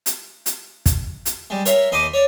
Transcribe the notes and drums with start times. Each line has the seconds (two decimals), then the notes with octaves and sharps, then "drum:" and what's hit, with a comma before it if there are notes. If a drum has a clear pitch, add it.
0.06 drum: hi-hat
0.46 drum: hi-hat
0.86 drum: kick, hi-hat
1.26 drum: hi-hat
1.50 G3 G#3
1.65 A#4 C#5 E5 C6, drum: hi-hat
1.92 D#2 D#5 B5 C6 D6 D#6
2.13 C#5 D5